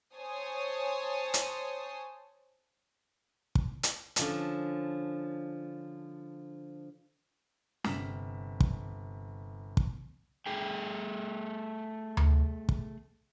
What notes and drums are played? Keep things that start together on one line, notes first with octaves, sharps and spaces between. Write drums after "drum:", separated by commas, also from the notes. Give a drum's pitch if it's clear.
C5 C#5 G#5 A5 D#6
drum: hi-hat
drum: kick
drum: hi-hat
D3 F3 C#4 D4, drum: hi-hat
G1 C3 F6 B6 E7, drum: snare
drum: kick
drum: kick
A3 G#4 G5
drum: tom D2
drum: kick